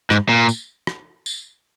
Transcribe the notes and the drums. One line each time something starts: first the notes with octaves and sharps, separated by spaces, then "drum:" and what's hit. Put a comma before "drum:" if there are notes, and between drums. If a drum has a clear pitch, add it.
G#2, drum: rim click
A#2
drum: tambourine
drum: rim click
drum: tambourine